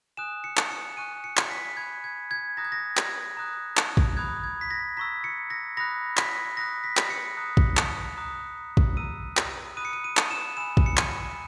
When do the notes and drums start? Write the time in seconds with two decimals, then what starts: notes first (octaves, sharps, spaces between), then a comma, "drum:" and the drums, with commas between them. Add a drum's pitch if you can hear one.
0.17 G#5 D#6 F#6 E7
0.44 C#7
0.57 drum: clap
0.71 C#7
0.97 G#5 C#6 F#6 D#7
1.24 C#7
1.37 drum: clap
1.51 B6
1.77 B5 F#6 G#6
2.04 G#6
2.31 G#6
2.57 A#5 D#6 F#6 A#6
2.65 G#6
2.72 A#6
2.97 drum: clap
3.37 A#5 D#6 F#6
3.77 drum: clap
3.97 drum: kick
4.17 B5 D#6 F#6 G#6
4.44 G#6
4.61 B6
4.70 A#6
4.97 A#5 C#6 E6 B6
5.24 C#7
5.50 A#6
5.77 B5 D#6 F#6 A#6
6.17 B6, drum: clap
6.57 B5 D#6 F#6 A#6
6.84 B6
6.97 drum: clap
7.10 C#7
7.37 A#5 D#6 F#6
7.57 drum: kick
7.77 drum: clap
8.17 A#5 D#6 F#6
8.77 drum: kick
8.97 A#5 E6 D#7
9.37 drum: clap
9.77 B5 D#6 F#6 D#7
9.85 C#7
9.93 D#7
10.04 D#7
10.17 drum: clap
10.31 E7
10.57 G#5 B5 E6 E7
10.77 drum: kick
10.86 C#7
10.97 D#7, drum: clap